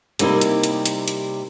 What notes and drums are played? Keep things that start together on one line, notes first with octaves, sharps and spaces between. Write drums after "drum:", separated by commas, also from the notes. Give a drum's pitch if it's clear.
C3 G3 A#3 D#4 E4, drum: hi-hat
drum: hi-hat
drum: hi-hat
drum: hi-hat
drum: hi-hat